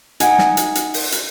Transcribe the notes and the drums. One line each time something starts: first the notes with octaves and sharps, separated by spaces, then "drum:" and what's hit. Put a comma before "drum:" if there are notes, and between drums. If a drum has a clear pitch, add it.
D#4 F#5 G#5, drum: hi-hat
drum: snare
drum: hi-hat
drum: hi-hat
drum: open hi-hat
drum: hi-hat